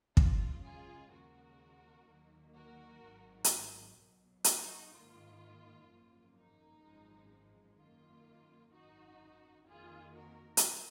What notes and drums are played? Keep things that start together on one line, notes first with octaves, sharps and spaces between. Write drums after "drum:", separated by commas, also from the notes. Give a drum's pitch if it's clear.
F#2 C#3 G#3 F4, drum: kick
F4 G#4
D#2 C#3 F3 G#3 F#4 A#4
D#2 D#3 F#3 A#3
F#4 A#4
G#1 G#2 D#3 F#3
drum: hi-hat
B1 B2 F#3
D#4 F#4, drum: hi-hat
G#2 D#3 A#3 F4
G#1 F#2 F3 A#3
D#4
G#1 F#2 F3 G#3
F#2 D#3 A#3 F4
G#1 F#2 D#3 D#4 F#4
F2 D#3 A#3 F4 G#4
F#4 A#4
drum: hi-hat